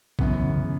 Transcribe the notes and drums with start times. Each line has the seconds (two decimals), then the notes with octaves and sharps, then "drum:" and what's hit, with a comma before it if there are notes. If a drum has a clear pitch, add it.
0.19 F#2 C#3 E3 B3, drum: kick A1
0.44 C#3
0.60 C#3